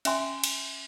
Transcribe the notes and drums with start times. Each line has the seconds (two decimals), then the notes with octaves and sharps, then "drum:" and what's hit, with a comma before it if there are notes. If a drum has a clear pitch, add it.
0.05 C#4 E5 G5 G#5 C6, drum: cymbal
0.44 drum: cymbal